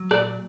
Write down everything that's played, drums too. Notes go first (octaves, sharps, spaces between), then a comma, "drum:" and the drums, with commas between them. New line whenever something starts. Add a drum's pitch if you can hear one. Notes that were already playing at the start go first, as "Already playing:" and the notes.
Already playing: F#3
A#2 D5, drum: rim click